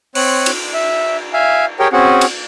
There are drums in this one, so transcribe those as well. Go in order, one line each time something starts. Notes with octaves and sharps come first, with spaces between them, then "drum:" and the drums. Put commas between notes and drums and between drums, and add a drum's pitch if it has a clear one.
C4 C#5 F#6, drum: open hi-hat
drum: cymbal
E5
E5 F5 G#5
G4 G#4 A#4 C#5 G5
C4 C#4 F#4 G#4 F#5
drum: cymbal